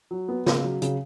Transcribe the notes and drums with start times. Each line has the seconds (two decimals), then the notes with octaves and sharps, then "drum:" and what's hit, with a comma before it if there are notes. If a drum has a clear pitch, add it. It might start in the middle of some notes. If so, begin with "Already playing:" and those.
0.11 F#3
0.28 B3
0.46 C#3, drum: snare
0.64 F#3
0.82 C#3, drum: hi-hat